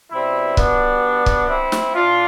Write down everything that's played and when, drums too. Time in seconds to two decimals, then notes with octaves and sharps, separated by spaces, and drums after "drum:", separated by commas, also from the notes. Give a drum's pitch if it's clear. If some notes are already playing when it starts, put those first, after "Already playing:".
0.12 B2 G3 C4 E4
0.57 B3 D4, drum: kick
1.26 drum: kick
1.49 C4 E4
1.72 drum: snare
1.94 A2 D4 F4